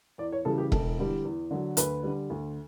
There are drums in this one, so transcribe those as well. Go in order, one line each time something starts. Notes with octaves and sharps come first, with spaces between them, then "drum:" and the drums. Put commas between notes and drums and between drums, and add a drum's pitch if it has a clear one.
E2 D5
C#5
C#3 E3 G3 A4
G4
E1 A4, drum: kick E1
E2 D3 G3
E2
D3 F#3
D2 B4, drum: hi-hat
D3 G3
D2